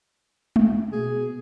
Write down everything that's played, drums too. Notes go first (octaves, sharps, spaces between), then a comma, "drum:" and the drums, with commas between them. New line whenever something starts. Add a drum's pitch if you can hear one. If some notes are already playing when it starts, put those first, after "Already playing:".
drum: tom G#3
B2 G#4